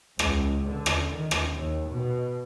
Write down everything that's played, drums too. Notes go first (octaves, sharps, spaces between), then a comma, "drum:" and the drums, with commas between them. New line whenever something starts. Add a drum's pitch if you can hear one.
C#2, drum: rim click
D3
drum: rim click
D#3
drum: rim click
D#2
B2